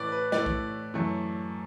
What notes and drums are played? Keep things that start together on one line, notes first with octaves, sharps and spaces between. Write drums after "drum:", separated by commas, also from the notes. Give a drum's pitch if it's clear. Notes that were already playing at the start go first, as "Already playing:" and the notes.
Already playing: A2 E3 A3 B4 D5
B4
A2 E3 A3 D5, drum: snare
drum: kick
F#2 E3 A3